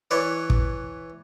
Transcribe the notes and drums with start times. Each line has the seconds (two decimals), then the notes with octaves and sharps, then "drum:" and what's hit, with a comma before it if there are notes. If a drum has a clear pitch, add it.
0.11 E3 B4 C#5 D5
0.50 drum: kick